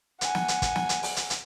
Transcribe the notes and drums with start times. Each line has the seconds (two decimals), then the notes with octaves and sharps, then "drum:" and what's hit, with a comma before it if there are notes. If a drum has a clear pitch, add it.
0.21 F#5 G#5, drum: hi-hat
0.35 drum: snare
0.48 drum: hi-hat
0.62 drum: kick, hi-hat
0.76 drum: snare
0.89 drum: hi-hat
1.03 drum: open hi-hat
1.16 drum: hi-hat
1.30 drum: hi-hat